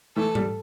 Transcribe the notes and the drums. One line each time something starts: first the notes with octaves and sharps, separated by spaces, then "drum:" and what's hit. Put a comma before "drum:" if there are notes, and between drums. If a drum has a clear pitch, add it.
E3 A3 A4
G3, drum: tom G#2